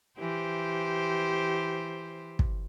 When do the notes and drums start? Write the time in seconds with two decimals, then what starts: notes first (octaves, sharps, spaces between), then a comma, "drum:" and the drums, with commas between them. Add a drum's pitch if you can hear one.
0.18 E3 G4 C5
2.39 drum: kick